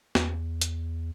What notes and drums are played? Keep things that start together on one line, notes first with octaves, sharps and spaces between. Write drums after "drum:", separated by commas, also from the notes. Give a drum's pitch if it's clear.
E2, drum: snare
drum: hi-hat